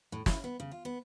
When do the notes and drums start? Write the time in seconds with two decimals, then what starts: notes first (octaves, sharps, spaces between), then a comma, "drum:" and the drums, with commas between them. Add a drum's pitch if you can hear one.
0.12 A2
0.26 E4, drum: snare
0.44 B3
0.60 C#3
0.71 F4
0.85 B3